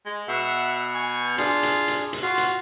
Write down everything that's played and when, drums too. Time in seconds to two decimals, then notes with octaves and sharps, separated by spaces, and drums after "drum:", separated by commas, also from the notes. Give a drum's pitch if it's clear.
0.06 G#3
0.28 B2 E5 F#5
0.95 G#5 C#6
1.38 D4 F4 G#4, drum: hi-hat
1.63 drum: hi-hat
1.88 drum: hi-hat
2.13 drum: hi-hat
2.23 F4 F#4
2.38 drum: hi-hat